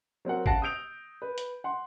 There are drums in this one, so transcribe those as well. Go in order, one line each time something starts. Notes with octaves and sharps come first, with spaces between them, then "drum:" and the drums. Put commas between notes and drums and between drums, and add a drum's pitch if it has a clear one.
F#3 C4 A#4 F#5
C#3 F#5 A5 A#6 C7 D7, drum: kick
D#6 E6 G6 D7 F7
B4
drum: hi-hat
F#5 C6